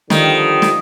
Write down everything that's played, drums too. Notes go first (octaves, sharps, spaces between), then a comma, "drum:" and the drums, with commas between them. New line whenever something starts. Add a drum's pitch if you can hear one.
D3 D#3 F3 G3, drum: snare
drum: snare